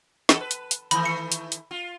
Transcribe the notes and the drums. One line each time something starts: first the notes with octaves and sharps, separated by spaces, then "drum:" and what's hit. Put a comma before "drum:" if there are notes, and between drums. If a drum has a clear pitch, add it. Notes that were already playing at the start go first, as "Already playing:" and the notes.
E2 A4, drum: snare
B4
drum: hi-hat
drum: hi-hat
D#3 E3 A3 B5, drum: hi-hat
C#7
drum: hi-hat
drum: hi-hat
F4